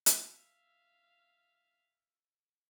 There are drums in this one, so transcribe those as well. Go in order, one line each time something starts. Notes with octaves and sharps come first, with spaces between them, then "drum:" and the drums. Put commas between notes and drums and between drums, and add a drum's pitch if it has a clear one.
drum: hi-hat
E5 F5